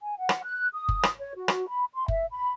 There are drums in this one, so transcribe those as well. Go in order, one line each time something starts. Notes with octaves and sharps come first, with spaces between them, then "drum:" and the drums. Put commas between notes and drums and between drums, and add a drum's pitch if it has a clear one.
G#5
F#5
drum: rim click
F#6
D#6
drum: kick F#1
drum: rim click
C#5
F#4
drum: rim click
B5
C6
E5, drum: kick F#1
B5